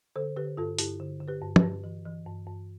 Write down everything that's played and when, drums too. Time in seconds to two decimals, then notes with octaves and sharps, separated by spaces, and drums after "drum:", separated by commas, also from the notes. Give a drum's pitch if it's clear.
0.16 D3 A4 C5
0.36 D3 G4 B4
0.57 G2 F4 A4
0.79 G2 E4 G4, drum: hi-hat
1.00 D3
1.20 D3
1.28 G4 B4
1.42 G2
1.56 G4 B4, drum: tom
1.63 G2
1.84 E3
2.05 E3
2.26 G2
2.47 G2